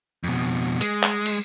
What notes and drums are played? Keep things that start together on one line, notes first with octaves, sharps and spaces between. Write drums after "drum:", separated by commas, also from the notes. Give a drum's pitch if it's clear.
F2 B2
G#3, drum: hi-hat
drum: clap
drum: open hi-hat